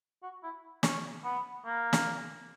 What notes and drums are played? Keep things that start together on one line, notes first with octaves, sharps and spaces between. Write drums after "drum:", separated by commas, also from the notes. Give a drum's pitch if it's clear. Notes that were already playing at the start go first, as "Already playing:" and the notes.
F#4
E4
C#4, drum: snare
B3
A#3
drum: snare